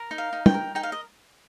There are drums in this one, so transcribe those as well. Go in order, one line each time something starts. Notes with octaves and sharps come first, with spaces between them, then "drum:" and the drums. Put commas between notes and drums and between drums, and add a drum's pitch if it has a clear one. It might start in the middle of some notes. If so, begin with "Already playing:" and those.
Already playing: A#4
D#4
F5
D#4
G5, drum: tom
A#4
D#4 G5
F5
D#5